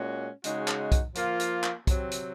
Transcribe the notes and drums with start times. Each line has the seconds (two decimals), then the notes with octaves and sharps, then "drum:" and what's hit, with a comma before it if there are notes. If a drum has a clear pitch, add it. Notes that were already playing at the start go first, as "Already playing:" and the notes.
Already playing: A#2 G#3 C#4 F#4
0.44 C#3 G#3 D#4 F#4, drum: hi-hat
0.68 drum: clap
0.92 drum: kick B1, hi-hat
1.15 F3 A#3 F4, drum: hi-hat
1.40 drum: hi-hat
1.64 drum: clap
1.87 C3 F#3 C4, drum: kick B1, hi-hat
2.11 drum: hi-hat